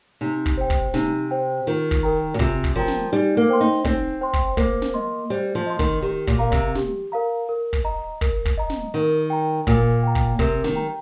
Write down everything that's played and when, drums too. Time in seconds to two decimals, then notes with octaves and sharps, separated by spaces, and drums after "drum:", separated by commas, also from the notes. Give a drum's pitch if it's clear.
0.21 C3 D#4
0.46 drum: kick
0.57 C5 G5
0.70 drum: kick
0.94 C3 D#4, drum: snare
1.31 C5 G5
1.67 D#3 F4
1.91 drum: kick
2.03 A#4 G5 A#5
2.34 A#2
2.39 C3 F4, drum: kick
2.64 drum: kick
2.76 F3 A#4 G5 A#5
2.88 drum: snare
3.12 G3 D#4
3.37 A#3
3.49 C5 G5 C6
3.61 D#4
3.84 C4 D#4, drum: kick
4.21 C5 G5 C6
4.33 drum: kick
4.57 A#3 C5, drum: kick
4.82 drum: snare
4.94 D#5 C6
5.30 G3 C5
5.55 F3
5.67 D#5 C6
5.79 D#3, drum: kick
6.02 D#3 G4
6.27 A#2, drum: kick
6.39 A#4 F5 A#5
6.52 C3, drum: kick
6.75 G4, drum: snare
7.12 A#4 F5 A#5
7.49 A#4
7.73 drum: kick
7.84 D#5 A#5
8.21 A#4, drum: kick
8.45 drum: kick
8.58 D#5 A#5
8.70 drum: snare
8.94 D#3 A#4
9.30 G5 A#5
9.67 A#2 A#4, drum: kick
10.03 G5 A#5
10.15 drum: kick
10.39 C3 A#4, drum: kick
10.64 D#3, drum: snare
10.75 G5 A#5